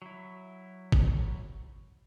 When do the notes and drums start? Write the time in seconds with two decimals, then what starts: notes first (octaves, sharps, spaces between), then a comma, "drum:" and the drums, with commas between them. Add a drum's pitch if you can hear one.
0.02 F#3 E4
0.92 drum: kick G#1